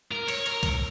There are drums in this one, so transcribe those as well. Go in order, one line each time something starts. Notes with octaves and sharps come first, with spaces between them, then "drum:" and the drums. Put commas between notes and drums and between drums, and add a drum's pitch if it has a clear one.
A#4
C#5, drum: cymbal
A#4, drum: cymbal
drum: kick, cymbal